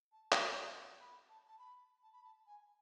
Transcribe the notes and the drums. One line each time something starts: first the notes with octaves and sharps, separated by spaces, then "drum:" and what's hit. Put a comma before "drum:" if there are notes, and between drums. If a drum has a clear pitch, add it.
A5
drum: clap
G#5
F#5
B5
A5
A5
B5
A5
B5
A5
G#5